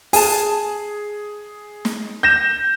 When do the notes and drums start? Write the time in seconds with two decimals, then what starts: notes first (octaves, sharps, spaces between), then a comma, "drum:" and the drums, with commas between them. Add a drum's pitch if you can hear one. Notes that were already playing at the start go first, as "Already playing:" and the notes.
0.13 G#4 G#5 A5, drum: open hi-hat
1.85 drum: snare
2.23 G6 A#6 E7